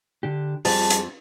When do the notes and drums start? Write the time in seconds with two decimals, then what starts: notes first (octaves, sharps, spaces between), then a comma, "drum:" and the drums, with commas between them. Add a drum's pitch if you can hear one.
0.23 D3 D4 G4
0.65 F2 G3 F4 G#4 A5, drum: open hi-hat
0.90 drum: hi-hat